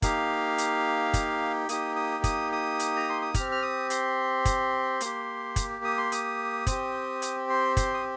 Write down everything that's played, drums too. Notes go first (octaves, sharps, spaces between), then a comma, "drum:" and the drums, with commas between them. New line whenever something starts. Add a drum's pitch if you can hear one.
A#3 D#4 G4 F5, drum: kick, hi-hat
drum: hi-hat
drum: kick, hi-hat
A#3 D#4 G4 D#6, drum: hi-hat
D#6
D#6, drum: kick, hi-hat
D#6
drum: hi-hat
A#5
C6
D#6
C4 G4 F6, drum: kick, hi-hat
F6
D#6
C6, drum: hi-hat
drum: kick, hi-hat
A#3 G4, drum: hi-hat
drum: kick, hi-hat
D#6
C6
D#6, drum: hi-hat
C4 G4, drum: kick, hi-hat
drum: hi-hat
C6
C6, drum: kick, hi-hat
D#6